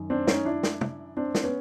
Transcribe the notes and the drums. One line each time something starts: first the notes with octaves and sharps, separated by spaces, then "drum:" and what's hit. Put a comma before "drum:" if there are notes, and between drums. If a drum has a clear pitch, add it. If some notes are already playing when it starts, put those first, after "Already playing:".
Already playing: F#2 D#3
C4 D4
C#4 D#4, drum: snare
D4 E4
drum: snare
drum: tom
C4 D4
drum: snare
B3 C#4